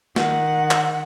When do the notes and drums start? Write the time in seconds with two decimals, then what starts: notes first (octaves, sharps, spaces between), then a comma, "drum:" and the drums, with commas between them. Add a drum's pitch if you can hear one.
0.16 D#3 F#5, drum: snare
0.71 drum: clap